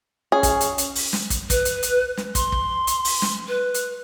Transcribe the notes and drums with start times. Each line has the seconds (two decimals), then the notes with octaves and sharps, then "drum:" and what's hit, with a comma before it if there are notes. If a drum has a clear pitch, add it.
0.32 C#4 G#4
0.43 drum: kick, hi-hat
0.61 drum: hi-hat
0.78 drum: hi-hat
0.95 drum: open hi-hat
1.13 drum: snare
1.30 drum: kick, hi-hat
1.50 B4, drum: kick, hi-hat
1.65 drum: hi-hat
1.83 drum: hi-hat
2.17 drum: snare
2.35 C6, drum: kick, hi-hat
2.52 drum: kick
2.87 drum: hi-hat
3.05 drum: open hi-hat
3.22 drum: snare
3.48 B4
3.74 drum: hi-hat